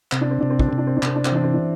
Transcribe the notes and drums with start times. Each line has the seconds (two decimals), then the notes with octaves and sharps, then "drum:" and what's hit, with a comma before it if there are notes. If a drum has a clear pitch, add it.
0.12 C3 C4, drum: clap
0.21 D4
0.31 C4
0.41 C3 D4
0.50 C4
0.59 D4, drum: kick
0.68 C3 C4
0.78 D4
0.87 C4
0.97 D4
1.03 C3 C4, drum: clap
1.16 D4
1.25 C4, drum: clap
1.32 E3 D4
1.43 C4
1.54 D4